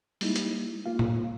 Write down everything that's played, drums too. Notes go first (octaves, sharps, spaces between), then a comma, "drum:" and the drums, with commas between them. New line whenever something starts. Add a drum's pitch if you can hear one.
G3 G#3 A#3 D#4 E4, drum: open hi-hat
drum: hi-hat
A#3 F4 F5
drum: tom A2